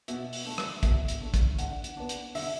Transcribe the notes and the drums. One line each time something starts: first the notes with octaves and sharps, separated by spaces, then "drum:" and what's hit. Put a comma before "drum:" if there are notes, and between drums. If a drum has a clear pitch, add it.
B2 E5, drum: hi-hat
drum: open hi-hat
A3 D4
drum: rim click
B2 E5, drum: kick, hi-hat
drum: hi-hat
A3 D4
drum: kick, hi-hat
D3 F#5, drum: hi-hat
drum: hi-hat
B3 D4
drum: hi-hat
D3 E5, drum: open hi-hat